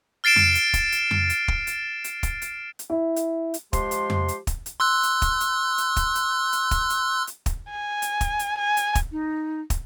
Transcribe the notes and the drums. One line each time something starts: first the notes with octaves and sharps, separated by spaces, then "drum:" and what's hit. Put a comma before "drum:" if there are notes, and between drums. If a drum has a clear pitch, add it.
F6 A6 C7 D7 E7
drum: tom F2
drum: hi-hat
drum: kick, hi-hat
drum: hi-hat
drum: tom F2
drum: hi-hat
drum: kick
drum: hi-hat
drum: hi-hat
drum: kick, hi-hat
drum: hi-hat
drum: hi-hat
E4
drum: hi-hat
drum: hi-hat
F3 G#3 G4 C6, drum: kick, hi-hat
drum: hi-hat
drum: tom F2
drum: hi-hat
drum: kick, hi-hat
drum: hi-hat
C6 E6 F#6
drum: hi-hat
drum: kick, hi-hat
drum: hi-hat
drum: hi-hat
drum: kick, hi-hat
drum: hi-hat
drum: hi-hat
drum: kick, hi-hat
drum: hi-hat
drum: hi-hat
drum: kick, hi-hat
G#5
drum: hi-hat
drum: kick, hi-hat
drum: hi-hat
G#5
drum: hi-hat
drum: kick, hi-hat
D#4
drum: kick, hi-hat